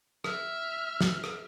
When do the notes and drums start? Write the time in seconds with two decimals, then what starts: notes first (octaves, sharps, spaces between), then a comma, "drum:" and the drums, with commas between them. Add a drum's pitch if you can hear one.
0.24 E5 F6, drum: rim click
1.01 drum: snare
1.24 drum: rim click